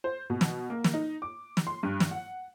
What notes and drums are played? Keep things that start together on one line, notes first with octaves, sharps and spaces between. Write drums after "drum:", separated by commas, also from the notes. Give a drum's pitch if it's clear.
C5
B2
drum: snare
A#3
drum: snare
D#4
D6
drum: snare
C6
G2
drum: snare
F#5